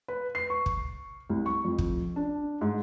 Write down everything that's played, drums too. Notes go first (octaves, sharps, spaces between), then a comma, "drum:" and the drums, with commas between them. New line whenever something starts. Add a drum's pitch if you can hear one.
B4
C7
C#6
drum: kick
C2
C#6
F2
drum: kick
D4
G#2